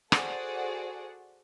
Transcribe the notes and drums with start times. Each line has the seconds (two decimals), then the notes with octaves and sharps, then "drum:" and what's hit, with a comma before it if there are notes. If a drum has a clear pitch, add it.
0.12 F#4 G#4 A4 C5 D5 F#5, drum: rim click